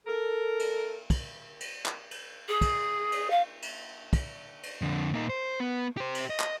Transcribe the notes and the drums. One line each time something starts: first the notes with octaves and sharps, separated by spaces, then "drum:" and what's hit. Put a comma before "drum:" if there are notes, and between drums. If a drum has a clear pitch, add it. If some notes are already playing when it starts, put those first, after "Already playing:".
A4 A#4
drum: cymbal
drum: kick, cymbal
drum: cymbal
drum: clap
drum: cymbal
G#4
drum: kick, cymbal
drum: cymbal
F5
drum: cymbal
drum: kick, cymbal
drum: cymbal
F2 D3
A#2 D#4
C5
B3
G4 C5
drum: cymbal
D#5
drum: clap